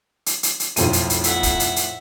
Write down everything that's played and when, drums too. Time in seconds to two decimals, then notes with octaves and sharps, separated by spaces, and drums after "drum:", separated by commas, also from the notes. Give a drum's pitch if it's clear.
0.26 drum: hi-hat
0.43 drum: hi-hat
0.60 drum: hi-hat
0.76 B1 F2 A2 F3 D#7, drum: hi-hat
0.93 drum: hi-hat
1.10 drum: hi-hat
1.24 E5 F#5, drum: hi-hat
1.43 drum: kick, hi-hat
1.60 drum: hi-hat
1.76 drum: hi-hat